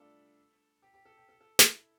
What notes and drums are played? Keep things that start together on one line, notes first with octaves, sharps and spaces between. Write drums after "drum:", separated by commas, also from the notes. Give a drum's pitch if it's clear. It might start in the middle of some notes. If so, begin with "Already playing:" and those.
Already playing: G3 A3 D4 F4 A4
G4
G4
A4
G4
A4
A4
drum: snare
E4